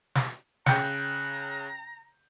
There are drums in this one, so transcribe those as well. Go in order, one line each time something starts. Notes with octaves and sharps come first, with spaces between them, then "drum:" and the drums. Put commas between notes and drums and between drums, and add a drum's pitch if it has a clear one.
drum: snare
C#3 G5 A#5 F#6 G6 C#7, drum: snare